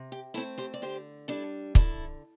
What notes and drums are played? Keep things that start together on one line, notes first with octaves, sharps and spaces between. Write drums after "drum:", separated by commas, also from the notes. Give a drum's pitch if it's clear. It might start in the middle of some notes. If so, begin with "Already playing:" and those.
Already playing: C3
G4
A3 C4 E4 A4
G4 C5
D5
D3 G4 C5
G3 D4 E4 A4
D3 E4 A4, drum: kick